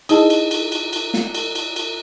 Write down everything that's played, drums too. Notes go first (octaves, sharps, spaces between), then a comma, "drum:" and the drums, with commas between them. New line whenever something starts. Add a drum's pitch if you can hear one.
D#4 E4 G#4 D#5 A5, drum: cymbal
drum: cymbal
drum: cymbal
drum: cymbal
drum: cymbal
drum: snare
drum: cymbal
drum: cymbal
drum: cymbal